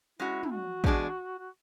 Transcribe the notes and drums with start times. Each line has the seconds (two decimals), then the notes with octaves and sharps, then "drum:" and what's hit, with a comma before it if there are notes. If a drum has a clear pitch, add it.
0.19 G#3 C#4 E4 F#4
0.43 E4, drum: tom
0.51 F#4
0.84 E2 B2 G#3 D4 G#4, drum: kick
1.39 F#4